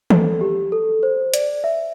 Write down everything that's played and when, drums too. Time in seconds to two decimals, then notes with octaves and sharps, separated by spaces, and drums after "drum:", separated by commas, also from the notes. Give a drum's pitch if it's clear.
0.10 A4, drum: tom
0.41 G4
0.72 A4
1.03 C5
1.34 D5, drum: hi-hat
1.64 E5